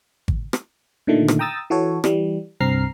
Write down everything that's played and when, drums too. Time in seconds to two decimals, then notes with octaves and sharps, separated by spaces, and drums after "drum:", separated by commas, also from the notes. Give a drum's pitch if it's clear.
0.28 drum: kick G#1
0.53 drum: rim click
1.07 A#2 D3 D#3 A3
1.28 drum: rim click
1.39 G5 A#5 D#6 E6 A6
1.70 E3 F#4 A4 C#5
2.04 E3 G3, drum: rim click
2.60 C2 G2 C4 A#5 F6 C7